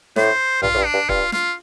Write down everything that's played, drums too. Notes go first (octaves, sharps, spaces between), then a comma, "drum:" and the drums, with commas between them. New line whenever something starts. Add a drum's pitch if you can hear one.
A2 C5, drum: snare
G2 F4, drum: tom A#1
A2
G2
D4
G2
G2 F4, drum: kick
F4, drum: snare